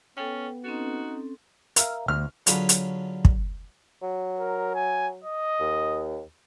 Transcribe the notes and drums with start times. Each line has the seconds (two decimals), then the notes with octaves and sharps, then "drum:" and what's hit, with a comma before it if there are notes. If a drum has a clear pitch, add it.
0.17 B3 C#4 A4 G5
0.64 C4 C#4 D#4 F#4 A4
1.76 A#4 E5 F5, drum: hi-hat
2.08 D2 F6
2.47 D3 F#3 C#4 F4 G#4 B4, drum: hi-hat
2.69 drum: hi-hat
3.25 drum: kick
4.02 F#3
4.39 A#4
4.75 G#5
5.24 D#5
5.60 D#2